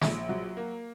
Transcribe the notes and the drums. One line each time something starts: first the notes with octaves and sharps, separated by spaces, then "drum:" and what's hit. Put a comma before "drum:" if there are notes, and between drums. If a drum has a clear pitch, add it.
A#1, drum: snare
F#3
A#3